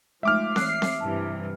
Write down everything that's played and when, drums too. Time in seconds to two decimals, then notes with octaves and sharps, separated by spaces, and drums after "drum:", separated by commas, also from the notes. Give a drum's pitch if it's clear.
0.23 F3 G#3 A3 D#4 E5 D6 F6
0.56 E3 C#5 F#6 C7, drum: snare C4
0.82 drum: snare C4
1.00 G2 C3 E3 A5